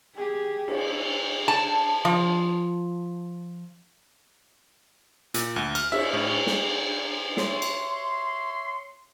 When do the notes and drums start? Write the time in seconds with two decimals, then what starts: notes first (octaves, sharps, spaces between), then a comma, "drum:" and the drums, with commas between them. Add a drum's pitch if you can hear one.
0.15 G4 G#4
0.68 drum: cymbal
1.48 A5
2.05 F3
5.34 A#2, drum: hi-hat
5.56 D2
5.75 F6, drum: cymbal
5.92 E5, drum: cymbal
6.13 A2
6.47 drum: snare
7.37 C#5 E5 C6, drum: snare
7.62 drum: cymbal